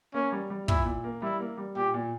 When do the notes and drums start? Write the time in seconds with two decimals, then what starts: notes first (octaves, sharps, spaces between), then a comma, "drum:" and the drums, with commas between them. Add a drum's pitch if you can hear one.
0.14 A#3 C#4
0.32 G3
0.50 G3
0.68 A#2 E4, drum: kick
0.86 A#2
1.04 A#3
1.22 G3 E4
1.40 A#3
1.57 G3
1.76 A#2 G4
1.94 A#2